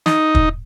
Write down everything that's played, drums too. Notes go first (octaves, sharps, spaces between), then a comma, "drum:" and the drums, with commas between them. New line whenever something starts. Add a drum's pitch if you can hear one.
D#4, drum: snare
drum: kick